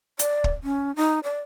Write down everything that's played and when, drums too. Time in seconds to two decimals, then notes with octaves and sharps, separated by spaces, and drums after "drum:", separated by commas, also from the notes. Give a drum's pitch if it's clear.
0.19 D5, drum: hi-hat
0.44 drum: kick
0.63 C#4
0.96 D#4
1.23 D5